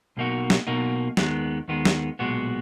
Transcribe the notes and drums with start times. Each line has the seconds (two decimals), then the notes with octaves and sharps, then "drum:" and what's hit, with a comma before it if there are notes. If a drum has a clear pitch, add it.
0.17 B1 B2 A#3 D#4 F#4
0.50 drum: snare
0.67 B1 B2 A#3 D#4 F#4
1.17 D#2 D#3 G#3 B3, drum: snare
1.68 D#2 D#3 G#3 B3
1.85 drum: snare
2.19 B1 A#2 G#3 B3 F#4